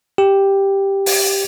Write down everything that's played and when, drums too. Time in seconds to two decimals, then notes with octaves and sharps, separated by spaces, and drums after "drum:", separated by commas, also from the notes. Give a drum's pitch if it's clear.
0.18 G4
1.06 drum: open hi-hat